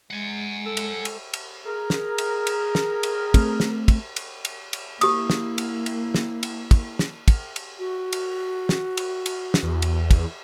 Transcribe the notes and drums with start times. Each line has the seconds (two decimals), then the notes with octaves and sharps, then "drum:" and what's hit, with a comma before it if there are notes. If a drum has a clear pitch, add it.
0.11 G#3 F#5 G#5
0.66 A4
0.77 drum: cymbal
1.05 drum: cymbal
1.33 drum: cymbal
1.66 G#4 A#4
1.90 drum: snare
2.18 drum: cymbal
2.47 drum: cymbal
2.75 drum: snare
3.03 drum: cymbal
3.34 A3 C4, drum: kick, cymbal
3.60 drum: snare
3.88 drum: kick, cymbal
4.16 drum: cymbal
4.45 drum: cymbal
4.73 drum: cymbal
5.01 A#3 E4 G4 D#6, drum: cymbal
5.30 drum: snare
5.58 drum: cymbal
5.86 drum: cymbal
6.14 drum: snare
6.43 drum: cymbal
6.71 drum: kick, cymbal
6.99 drum: snare
7.28 drum: kick, cymbal
7.56 drum: cymbal
7.79 F#4
8.13 drum: cymbal
8.69 drum: snare
8.97 drum: cymbal
9.26 drum: cymbal
9.54 drum: snare
9.63 E2
9.82 drum: cymbal
10.11 drum: kick, cymbal